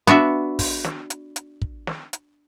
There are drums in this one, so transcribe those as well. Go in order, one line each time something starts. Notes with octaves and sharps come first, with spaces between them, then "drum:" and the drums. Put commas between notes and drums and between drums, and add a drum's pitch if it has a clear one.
B3 D4 F#4 E5, drum: hi-hat
drum: kick, open hi-hat
drum: snare
drum: hi-hat
drum: hi-hat
drum: kick
drum: snare
drum: hi-hat